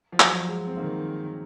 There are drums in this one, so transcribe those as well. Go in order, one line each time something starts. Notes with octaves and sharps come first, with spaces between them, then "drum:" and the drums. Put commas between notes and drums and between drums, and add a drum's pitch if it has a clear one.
F3
F#3, drum: clap
F3
G#3
C4
D#3 A#3